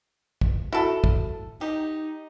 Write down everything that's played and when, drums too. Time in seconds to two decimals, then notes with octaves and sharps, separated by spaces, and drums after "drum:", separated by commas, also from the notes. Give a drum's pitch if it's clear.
0.41 drum: kick
0.73 E4 F#4 A4
1.04 drum: kick
1.61 D#4 G4